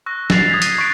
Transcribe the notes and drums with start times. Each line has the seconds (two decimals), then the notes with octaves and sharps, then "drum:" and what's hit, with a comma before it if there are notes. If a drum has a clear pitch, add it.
0.06 C#6 E6 F#6 A#6
0.30 E6 A6 C7 F7, drum: snare
0.50 D#6 G#6 B6
0.62 D#6 D#7, drum: hi-hat
0.78 C#6 D#6 F#6 A6 B6 D7